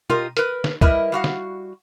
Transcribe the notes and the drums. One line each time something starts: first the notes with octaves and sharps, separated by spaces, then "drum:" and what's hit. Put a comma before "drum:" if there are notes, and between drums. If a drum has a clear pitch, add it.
F4 G4 A#4 D#5, drum: tom
A#4 B4, drum: hi-hat
drum: snare
G3 E4 A#4 B4 D#5 E5, drum: kick
G3 F#4 F5 F#5
drum: snare